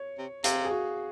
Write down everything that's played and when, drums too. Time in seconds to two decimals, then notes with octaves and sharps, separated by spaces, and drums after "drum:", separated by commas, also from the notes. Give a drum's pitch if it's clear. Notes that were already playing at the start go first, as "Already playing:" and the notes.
Already playing: C#5
0.18 C3
0.44 C3 F5, drum: hi-hat
0.65 G#4
0.71 F#4